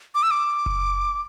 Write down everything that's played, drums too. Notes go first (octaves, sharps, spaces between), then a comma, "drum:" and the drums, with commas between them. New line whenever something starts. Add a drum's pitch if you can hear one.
D6
E6
D6
drum: kick F#1